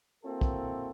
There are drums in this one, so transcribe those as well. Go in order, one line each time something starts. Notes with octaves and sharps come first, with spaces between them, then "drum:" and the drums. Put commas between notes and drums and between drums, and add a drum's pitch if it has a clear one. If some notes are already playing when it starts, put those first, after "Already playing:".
A#3 C4 E4 F#4 A4 A#4
drum: kick